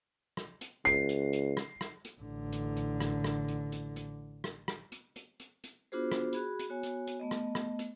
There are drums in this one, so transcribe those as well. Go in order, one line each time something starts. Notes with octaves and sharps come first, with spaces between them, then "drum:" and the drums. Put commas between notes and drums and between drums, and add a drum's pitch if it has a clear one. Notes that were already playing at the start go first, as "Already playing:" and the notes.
drum: rim click
drum: hi-hat
C#2 C7, drum: hi-hat
drum: hi-hat
drum: hi-hat
drum: rim click
drum: rim click
drum: hi-hat
A1 D3
drum: hi-hat
drum: hi-hat
drum: rim click
drum: rim click
drum: hi-hat
drum: hi-hat
drum: hi-hat
drum: rim click
drum: rim click
drum: hi-hat
drum: hi-hat
drum: hi-hat
drum: hi-hat
B3 D4 F4 F#4 G#4 C5
drum: rim click
F#4 G#4 B5, drum: hi-hat
drum: hi-hat
B3 F#4 C#5 G#5
drum: hi-hat
drum: hi-hat
A3 B3 D#5
drum: rim click
drum: rim click
drum: hi-hat